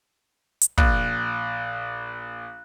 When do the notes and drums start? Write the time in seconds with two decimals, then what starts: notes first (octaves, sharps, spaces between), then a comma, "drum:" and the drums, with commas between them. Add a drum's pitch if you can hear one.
0.61 drum: hi-hat
0.78 A#1 F#6, drum: kick